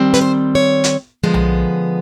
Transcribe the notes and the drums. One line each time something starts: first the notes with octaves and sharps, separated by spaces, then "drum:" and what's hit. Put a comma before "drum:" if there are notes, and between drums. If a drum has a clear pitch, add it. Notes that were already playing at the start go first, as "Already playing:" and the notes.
Already playing: D#3 G3 C4
B4, drum: hi-hat
C5
C#5
drum: hi-hat
D3 F3 G#3 B3
drum: tom B1